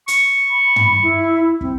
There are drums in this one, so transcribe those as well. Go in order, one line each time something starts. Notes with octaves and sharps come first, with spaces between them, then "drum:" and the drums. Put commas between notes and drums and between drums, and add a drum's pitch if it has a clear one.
C#6, drum: hi-hat
B5
drum: tom
E4
C4, drum: kick